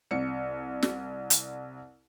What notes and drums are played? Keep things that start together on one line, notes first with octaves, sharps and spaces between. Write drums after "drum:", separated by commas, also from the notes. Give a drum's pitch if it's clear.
C2 C#7
drum: snare
drum: hi-hat